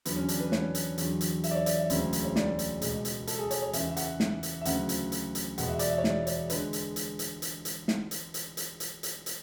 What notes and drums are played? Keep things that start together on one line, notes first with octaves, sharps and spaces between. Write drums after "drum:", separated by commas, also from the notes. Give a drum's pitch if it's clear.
E2 D3 F#3 B3, drum: hi-hat
C#4
D4, drum: hi-hat
B4
C#5, drum: snare
drum: hi-hat
E2 D3 F#3, drum: hi-hat
drum: hi-hat
E5, drum: hi-hat
D5
C#5
D5, drum: hi-hat
E5
E1 D2 C#3 F#3, drum: hi-hat
drum: hi-hat
C#5
D5, drum: snare
drum: hi-hat
C#2 B2 G#3, drum: hi-hat
drum: hi-hat
A4, drum: hi-hat
G#4
C#5, drum: hi-hat
C#5
E2 C#3 E3 E5, drum: hi-hat
E5
F#5, drum: hi-hat
drum: snare
drum: hi-hat
E5
D2 C#3 F#3 F#5, drum: hi-hat
drum: hi-hat
drum: hi-hat
drum: hi-hat
E1 E2 B2 F#5, drum: hi-hat
E5
D5, drum: hi-hat
E5
C#5
D5, drum: snare
C#5, drum: hi-hat
D3 G#3 B4, drum: hi-hat
drum: hi-hat
drum: hi-hat
drum: hi-hat
drum: hi-hat
drum: hi-hat
drum: snare
drum: hi-hat
drum: hi-hat
drum: hi-hat
drum: hi-hat
drum: hi-hat
drum: hi-hat